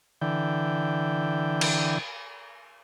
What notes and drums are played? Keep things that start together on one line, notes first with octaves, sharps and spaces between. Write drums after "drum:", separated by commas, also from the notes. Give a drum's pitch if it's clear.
D3 E3 G5
drum: cymbal